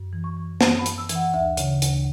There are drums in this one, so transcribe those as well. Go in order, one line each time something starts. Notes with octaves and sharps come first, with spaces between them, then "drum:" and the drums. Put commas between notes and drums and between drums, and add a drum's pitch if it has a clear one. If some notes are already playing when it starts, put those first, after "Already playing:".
Already playing: F#2
E3
C#6
E3
F#2 A5, drum: snare
B5
F#2, drum: hi-hat
E6
E3, drum: hi-hat
F#5
D2 E5
C#3, drum: hi-hat
D2, drum: hi-hat